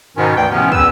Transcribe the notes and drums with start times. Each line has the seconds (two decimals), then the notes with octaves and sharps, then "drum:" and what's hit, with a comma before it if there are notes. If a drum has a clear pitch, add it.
0.17 G#2 B2 D#3 C#4
0.36 D2 G#2 E3 D5 G5
0.51 A2 C3 F3 B3 C#4
0.72 E2 B4 E6, drum: kick